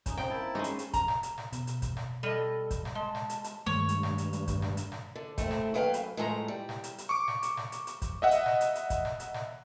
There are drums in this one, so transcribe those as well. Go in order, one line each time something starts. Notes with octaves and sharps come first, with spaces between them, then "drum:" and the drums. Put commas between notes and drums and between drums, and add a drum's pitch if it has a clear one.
C#4 D#4, drum: kick, hi-hat
C4 C5 G5, drum: snare
A#3 E4 A5
G#3 C#4 D#4
drum: hi-hat
drum: hi-hat
A#5, drum: kick, hi-hat
drum: snare
drum: hi-hat
drum: snare
B2, drum: hi-hat
drum: hi-hat
drum: kick, hi-hat
drum: snare
G3 A4 D#5
drum: kick, hi-hat
drum: snare
G#3 A5
drum: snare
drum: hi-hat
drum: hi-hat
G2 D#3 G#3 A3 C#5
drum: hi-hat
drum: snare
drum: hi-hat
drum: hi-hat
drum: kick, hi-hat
drum: snare
drum: hi-hat
drum: snare
D3
A3 C4 E4, drum: kick, hi-hat
drum: snare
D#2 F#3 B4 F5 G5
F#2, drum: hi-hat
A2 F3 G#3 A3 G#5 A#5
G3
drum: snare
drum: hi-hat
drum: hi-hat
C#6 D6
drum: snare
drum: hi-hat
drum: snare
drum: hi-hat
drum: hi-hat
drum: kick, hi-hat
D#5 E5 F#5
drum: hi-hat
drum: snare
drum: hi-hat
drum: hi-hat
drum: kick, hi-hat
drum: snare
drum: hi-hat
drum: snare